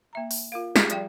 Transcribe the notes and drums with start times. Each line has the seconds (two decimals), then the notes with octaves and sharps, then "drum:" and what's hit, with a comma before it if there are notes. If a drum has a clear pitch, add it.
0.13 A#3 E5 A#5
0.31 drum: open hi-hat
0.52 F4 A#4 F5
0.76 F4 G4 G#4, drum: snare
0.90 F3 G3 D5 G5, drum: hi-hat